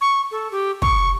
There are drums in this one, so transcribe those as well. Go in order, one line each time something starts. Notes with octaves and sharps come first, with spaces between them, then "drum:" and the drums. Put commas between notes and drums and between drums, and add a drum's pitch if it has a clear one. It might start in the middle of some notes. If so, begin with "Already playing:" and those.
C#6
A4
G4
C#6, drum: kick